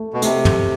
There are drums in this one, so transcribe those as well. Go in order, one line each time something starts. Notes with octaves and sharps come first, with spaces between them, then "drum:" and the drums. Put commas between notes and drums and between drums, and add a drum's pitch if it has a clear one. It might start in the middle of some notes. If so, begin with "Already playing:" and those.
Already playing: A3
B2
C3 A3, drum: hi-hat
drum: tom